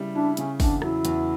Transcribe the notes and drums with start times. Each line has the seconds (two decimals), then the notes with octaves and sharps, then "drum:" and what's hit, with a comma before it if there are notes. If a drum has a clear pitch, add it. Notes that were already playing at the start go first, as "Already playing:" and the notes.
Already playing: C#3 G3 B3 E4
0.15 D4 E4
0.37 C#3 C#4, drum: hi-hat
0.60 E2 D4, drum: kick, open hi-hat
0.82 F#3 E4, drum: rim click
1.05 E2, drum: hi-hat